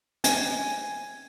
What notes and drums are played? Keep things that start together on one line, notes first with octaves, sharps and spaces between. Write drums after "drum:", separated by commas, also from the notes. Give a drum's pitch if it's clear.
G#5, drum: hi-hat